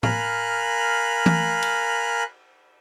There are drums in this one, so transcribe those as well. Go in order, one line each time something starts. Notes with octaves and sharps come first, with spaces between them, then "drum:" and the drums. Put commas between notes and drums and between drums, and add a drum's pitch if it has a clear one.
A#4 F5 G#5 B5 F6 F#6, drum: tom A2
drum: tom
drum: cymbal